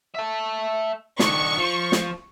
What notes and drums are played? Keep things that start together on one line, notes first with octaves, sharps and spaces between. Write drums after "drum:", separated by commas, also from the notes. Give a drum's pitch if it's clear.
E5 A5
D#3 D4 C#6, drum: snare
F3
drum: snare